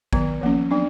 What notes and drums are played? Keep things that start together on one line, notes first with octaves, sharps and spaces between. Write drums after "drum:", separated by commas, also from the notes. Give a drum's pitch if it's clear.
D#3 F#3 B3, drum: kick G#1
F3 A#3 C#4
F#3 B3 D4